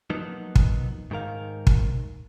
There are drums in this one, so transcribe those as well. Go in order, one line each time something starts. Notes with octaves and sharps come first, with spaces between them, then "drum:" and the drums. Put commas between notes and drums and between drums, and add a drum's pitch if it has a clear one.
F3 F#3 A#3 B3 D#4
drum: kick
G#2 D#3 A#4 F5
drum: kick